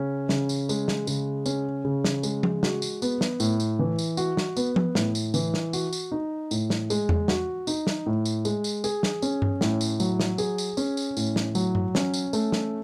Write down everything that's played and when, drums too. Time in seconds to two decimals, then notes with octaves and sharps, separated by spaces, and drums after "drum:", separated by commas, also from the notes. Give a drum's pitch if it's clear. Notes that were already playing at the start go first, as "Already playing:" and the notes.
Already playing: C#3 C#4
0.29 C#3, drum: snare
0.49 drum: tambourine
0.69 G#3, drum: tambourine
0.88 drum: snare
1.07 C#3, drum: tambourine
1.46 C#4, drum: tambourine
1.85 C#3
2.04 drum: snare
2.23 G#3, drum: tambourine
2.43 drum: tom F3
2.63 F#4, drum: snare
2.82 drum: tambourine
3.02 B3, drum: tambourine
3.21 drum: snare
3.40 A2, drum: tambourine
3.60 drum: tambourine
3.79 E3
3.99 drum: tambourine
4.17 F#4, drum: tambourine
4.37 drum: snare
4.57 B3, drum: tambourine
4.76 drum: tom F3
4.95 A2, drum: snare
5.15 drum: tambourine
5.34 E3, drum: tambourine
5.54 drum: snare
5.73 F#4, drum: tambourine
5.93 drum: tambourine
6.12 D#4
6.51 A2, drum: tambourine
6.70 drum: snare
6.90 G#3, drum: tambourine
7.09 drum: tom E2
7.28 F#4, drum: snare
7.67 D#4, drum: tambourine
7.87 drum: snare
8.06 A2
8.25 drum: tambourine
8.45 G#3, drum: tambourine
8.64 drum: tambourine
8.84 G#4, drum: tambourine
9.03 drum: snare
9.22 C#4, drum: tambourine
9.42 drum: tom G2
9.61 A2, drum: snare
9.81 drum: tambourine
10.00 F#3, drum: tambourine
10.20 drum: snare
10.38 G#4, drum: tambourine
10.58 drum: tambourine
10.77 C#4, drum: tambourine
10.97 drum: tambourine
11.17 A2, drum: tambourine
11.36 drum: snare
11.55 F#3, drum: tambourine
11.75 drum: tom G2
11.95 C#4, drum: snare
12.14 drum: tambourine
12.33 A3, drum: tambourine
12.52 drum: snare